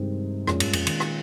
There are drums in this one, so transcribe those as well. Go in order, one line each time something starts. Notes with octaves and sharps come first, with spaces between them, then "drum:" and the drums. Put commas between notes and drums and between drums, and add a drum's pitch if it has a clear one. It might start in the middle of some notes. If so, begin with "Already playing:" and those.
Already playing: G2 C3 D#3 G#3 C4
F2 A#2 G#3 C#4, drum: rim click
G2, drum: cymbal
F2, drum: cymbal
D#3, drum: cymbal
drum: rim click